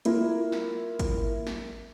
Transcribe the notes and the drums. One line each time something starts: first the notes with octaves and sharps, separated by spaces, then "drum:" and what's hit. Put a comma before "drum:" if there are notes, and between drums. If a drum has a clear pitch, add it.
A#3 E4 F4 A#4, drum: hi-hat
drum: snare
drum: kick G#1, hi-hat
drum: snare